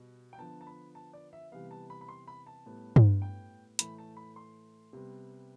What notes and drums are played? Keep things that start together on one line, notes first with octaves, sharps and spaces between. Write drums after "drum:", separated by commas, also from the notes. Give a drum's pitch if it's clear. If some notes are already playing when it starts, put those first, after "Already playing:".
Already playing: B2 G3 B3
G5
D3 F3 B3 A5
A5
B5
A5
D5
E5
C3 E3 G3 B3 F5
A5
B5
B5
C6
B5
A5
A2 G3 B3
drum: tom G2
G5
A2 E3 A3 B5, drum: hi-hat
A5
B5
C6
C3 G3 B3